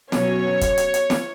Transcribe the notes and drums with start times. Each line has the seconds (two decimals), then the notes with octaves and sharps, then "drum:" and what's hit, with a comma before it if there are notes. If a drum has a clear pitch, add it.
0.12 B2 F#3 C#4 C#5, drum: snare
0.61 drum: kick, hi-hat
0.78 drum: hi-hat
0.94 drum: hi-hat
1.10 drum: snare